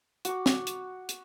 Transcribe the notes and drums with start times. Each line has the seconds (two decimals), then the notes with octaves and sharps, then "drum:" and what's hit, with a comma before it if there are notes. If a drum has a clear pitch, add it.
0.25 F#4 D6, drum: hi-hat
0.46 drum: snare
0.67 drum: hi-hat
1.09 drum: hi-hat